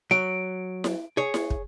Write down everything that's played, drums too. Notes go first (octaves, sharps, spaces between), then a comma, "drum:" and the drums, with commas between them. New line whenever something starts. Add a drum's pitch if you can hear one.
F#3 D7
drum: snare E4
G#4 C#5
drum: snare E4
drum: kick